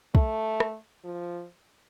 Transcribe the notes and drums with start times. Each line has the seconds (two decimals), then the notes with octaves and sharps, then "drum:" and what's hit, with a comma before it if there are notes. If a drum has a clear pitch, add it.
0.15 A3, drum: kick
0.60 drum: rim click
1.04 F3